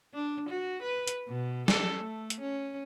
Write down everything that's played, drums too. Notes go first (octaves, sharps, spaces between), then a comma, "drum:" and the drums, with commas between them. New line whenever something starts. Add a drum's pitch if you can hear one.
D4
F#4
B4
drum: hi-hat
B2
A4, drum: snare
A3
drum: hi-hat
C#4